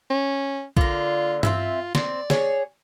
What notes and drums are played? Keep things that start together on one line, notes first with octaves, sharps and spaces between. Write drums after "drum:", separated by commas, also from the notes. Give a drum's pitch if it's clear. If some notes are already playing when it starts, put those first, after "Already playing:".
C#4
D3 A#3 F4, drum: kick
C4 C#4 F4 E5, drum: tom G2
C4 D5, drum: snare
G#4 C#5, drum: snare